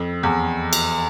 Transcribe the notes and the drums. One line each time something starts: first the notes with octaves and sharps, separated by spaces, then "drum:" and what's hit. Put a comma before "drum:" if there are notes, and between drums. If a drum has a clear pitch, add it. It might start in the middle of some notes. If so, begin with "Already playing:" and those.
Already playing: F2
E2
drum: cymbal